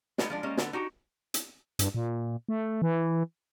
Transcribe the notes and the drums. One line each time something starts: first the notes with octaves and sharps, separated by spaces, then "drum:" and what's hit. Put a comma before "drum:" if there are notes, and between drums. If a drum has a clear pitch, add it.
G3 G#3 B3 D#4, drum: snare
F3 G#3 D4
G3 G#3 A#3 C#4
D3 B3, drum: snare
D#4 F#4 G4
drum: hi-hat
G2, drum: hi-hat
A#2
A3
E3